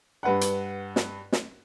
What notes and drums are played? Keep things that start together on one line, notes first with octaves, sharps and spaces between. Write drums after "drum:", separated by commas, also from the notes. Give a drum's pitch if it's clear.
G2 B4 F#5
drum: hi-hat
drum: snare
drum: snare